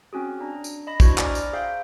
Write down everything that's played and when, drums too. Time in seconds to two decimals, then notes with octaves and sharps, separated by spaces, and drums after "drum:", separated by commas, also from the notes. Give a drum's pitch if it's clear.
0.13 C4 C#4 F#4 G#4
0.41 D4 A#5
0.64 drum: tambourine
0.87 D#5 B5 A#6
1.00 D4 E4 F#4 C5 C#6 G#6, drum: kick, tambourine
1.18 D5 G#5 A#5 D6 F6 A6, drum: clap
1.35 drum: tambourine
1.53 G#4 C5 E5 F5 G5 G6